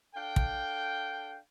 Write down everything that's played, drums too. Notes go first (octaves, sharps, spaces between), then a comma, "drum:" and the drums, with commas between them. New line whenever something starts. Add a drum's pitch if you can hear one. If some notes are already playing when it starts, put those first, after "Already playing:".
D4 A4 F5 G5
drum: kick